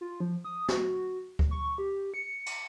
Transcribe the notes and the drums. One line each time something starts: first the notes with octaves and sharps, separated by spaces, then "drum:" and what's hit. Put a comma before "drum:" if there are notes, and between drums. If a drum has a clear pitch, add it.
F4
F3
D#6
F#4, drum: snare
drum: kick D2
C#6
G4
C#7
drum: cymbal